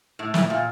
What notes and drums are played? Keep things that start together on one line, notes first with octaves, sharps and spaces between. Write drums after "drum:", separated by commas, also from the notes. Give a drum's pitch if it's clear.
A2
A2, drum: snare
A#2